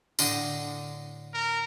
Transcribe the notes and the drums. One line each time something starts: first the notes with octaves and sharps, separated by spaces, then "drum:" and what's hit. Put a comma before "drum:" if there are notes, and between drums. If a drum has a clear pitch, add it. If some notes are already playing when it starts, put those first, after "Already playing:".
A2 D3 D#5, drum: tambourine
A#4